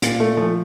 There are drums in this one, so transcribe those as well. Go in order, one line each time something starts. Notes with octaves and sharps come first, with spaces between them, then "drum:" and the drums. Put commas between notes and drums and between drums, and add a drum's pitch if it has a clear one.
A#2, drum: hi-hat
A3
F3 A3